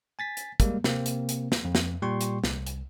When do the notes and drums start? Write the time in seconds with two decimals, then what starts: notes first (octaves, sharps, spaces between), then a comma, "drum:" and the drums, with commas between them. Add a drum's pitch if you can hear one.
0.19 G#5 A6 B6
0.37 drum: hi-hat
0.60 G3 G#3 A#3, drum: kick, hi-hat
0.84 C3 A#3 C4, drum: snare
1.06 drum: hi-hat
1.29 drum: hi-hat
1.52 drum: snare
1.65 F2
1.75 drum: snare
2.02 A#2 G3 G5 C6 C#6
2.21 drum: hi-hat
2.44 C2, drum: snare
2.67 drum: hi-hat